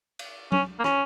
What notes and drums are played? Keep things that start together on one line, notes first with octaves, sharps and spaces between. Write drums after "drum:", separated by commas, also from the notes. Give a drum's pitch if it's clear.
drum: cymbal
C#4, drum: tom F#3
A#3
C#4, drum: rim click